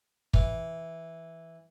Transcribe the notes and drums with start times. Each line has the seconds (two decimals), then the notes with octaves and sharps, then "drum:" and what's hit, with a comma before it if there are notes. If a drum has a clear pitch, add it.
0.34 E3, drum: kick